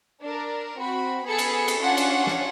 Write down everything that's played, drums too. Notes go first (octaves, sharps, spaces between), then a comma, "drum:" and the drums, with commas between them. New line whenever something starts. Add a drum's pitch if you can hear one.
D4 A#4
C4 F#4 B5
B3 G#4 A4 B5 C#7
drum: cymbal
drum: cymbal
C#4 D4 F4 F#5
drum: cymbal
drum: snare